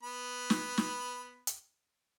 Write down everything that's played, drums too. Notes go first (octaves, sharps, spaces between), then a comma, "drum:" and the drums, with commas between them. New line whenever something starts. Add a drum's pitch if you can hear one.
B3 B5
drum: snare
drum: snare
drum: hi-hat